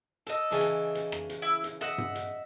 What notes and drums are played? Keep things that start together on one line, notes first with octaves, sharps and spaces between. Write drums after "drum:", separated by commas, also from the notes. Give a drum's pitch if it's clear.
A4 D#5, drum: hi-hat
C#3 E3 D4
drum: hi-hat
drum: hi-hat
drum: rim click
drum: hi-hat
E4
drum: hi-hat
D#5 E5 F#5, drum: hi-hat
drum: tom G2
drum: hi-hat